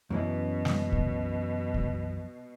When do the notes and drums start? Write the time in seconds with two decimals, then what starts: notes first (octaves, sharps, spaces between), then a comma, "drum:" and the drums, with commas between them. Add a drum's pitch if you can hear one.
0.10 F#2 B2 E3 C#4
0.65 drum: snare
0.92 drum: kick C2
1.74 drum: kick C2